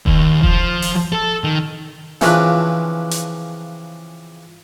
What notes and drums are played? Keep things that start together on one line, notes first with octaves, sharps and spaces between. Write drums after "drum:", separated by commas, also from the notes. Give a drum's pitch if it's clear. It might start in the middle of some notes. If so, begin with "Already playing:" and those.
D#2, drum: kick E1
F3, drum: kick E1
drum: open hi-hat
A4
D#3
C#3 E3 F3 C4 D4 B4, drum: snare
drum: hi-hat